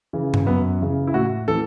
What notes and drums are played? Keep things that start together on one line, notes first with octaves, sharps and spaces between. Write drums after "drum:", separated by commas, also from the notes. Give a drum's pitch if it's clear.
C#3 E3
drum: tom G2
F#2 B3
C#3 E3
E4
A2 F#4
E3 A4